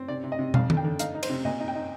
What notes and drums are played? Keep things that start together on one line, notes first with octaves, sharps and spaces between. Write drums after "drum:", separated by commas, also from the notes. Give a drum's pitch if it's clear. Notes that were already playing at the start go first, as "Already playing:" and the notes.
Already playing: C4
C3 D5
C3
D#5
C3
F2 F5, drum: tom
D3, drum: tom D#3
G5
D3
D#4 F5, drum: hi-hat
D#4
C5, drum: cymbal
C3
A#2 D#5
D#4
G5
D#4